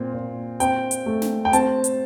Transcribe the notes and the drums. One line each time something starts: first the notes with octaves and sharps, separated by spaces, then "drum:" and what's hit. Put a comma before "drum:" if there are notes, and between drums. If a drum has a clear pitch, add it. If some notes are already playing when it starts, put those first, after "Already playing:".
Already playing: A#2 C4
A#2
C4 G5, drum: hi-hat
drum: hi-hat
A3
drum: snare
G5
C4 A5, drum: hi-hat
drum: hi-hat